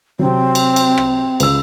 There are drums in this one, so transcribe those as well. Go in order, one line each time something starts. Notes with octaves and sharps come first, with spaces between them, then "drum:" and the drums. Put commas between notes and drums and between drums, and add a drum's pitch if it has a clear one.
C3 F#3 C4
drum: cymbal
drum: cymbal
drum: rim click
C#2 E6, drum: cymbal